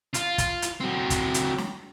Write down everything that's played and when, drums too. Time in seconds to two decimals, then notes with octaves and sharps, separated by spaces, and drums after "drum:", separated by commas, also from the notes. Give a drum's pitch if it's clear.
0.14 F4, drum: hi-hat
0.38 drum: kick, hi-hat
0.62 drum: hi-hat
0.81 F#3 C4
1.10 drum: kick, hi-hat
1.34 drum: hi-hat
1.58 drum: snare